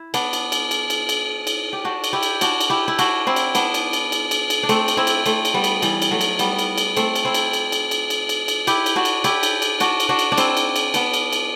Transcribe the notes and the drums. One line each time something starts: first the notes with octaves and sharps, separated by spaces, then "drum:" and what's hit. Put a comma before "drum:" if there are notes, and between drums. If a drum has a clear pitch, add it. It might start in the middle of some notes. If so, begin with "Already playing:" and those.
Already playing: E4
B3 D4, drum: cymbal
drum: cymbal
drum: cymbal
drum: cymbal
drum: cymbal
drum: cymbal
drum: cymbal
G4
D4 F#4
drum: cymbal
E4 G4
drum: cymbal
D4 F#4, drum: cymbal
drum: cymbal
E4 G4
E4
D4 F#4, drum: cymbal
C4 E4
drum: cymbal
B3 D4, drum: cymbal
drum: cymbal
drum: cymbal
drum: cymbal
drum: cymbal
drum: cymbal
D4
A3 C4, drum: cymbal
drum: cymbal
C4 E4
drum: cymbal
A3 C4, drum: cymbal
drum: cymbal
G3 B3
drum: cymbal
E3 G3, drum: cymbal
drum: cymbal
F#3 A3
drum: cymbal
G3 B3, drum: cymbal
drum: cymbal
drum: cymbal
A3 C4, drum: cymbal
drum: cymbal
C4 E4
drum: cymbal
drum: cymbal
drum: cymbal
drum: cymbal
drum: cymbal
drum: cymbal
drum: cymbal
E4 G4, drum: cymbal
drum: cymbal
D4 F#4
drum: cymbal
E4 G4, drum: cymbal
drum: cymbal
drum: cymbal
D4 F#4, drum: cymbal
drum: cymbal
D4 F#4
drum: cymbal
D4
C4 E4, drum: cymbal
drum: cymbal
drum: cymbal
B3 D4, drum: cymbal
drum: cymbal
drum: cymbal